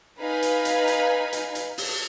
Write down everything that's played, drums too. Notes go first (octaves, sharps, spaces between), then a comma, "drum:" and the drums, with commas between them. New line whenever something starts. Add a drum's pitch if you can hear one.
D#4 B4 F5 G#5 B5
drum: hi-hat
drum: hi-hat
drum: hi-hat
drum: hi-hat
drum: hi-hat
drum: open hi-hat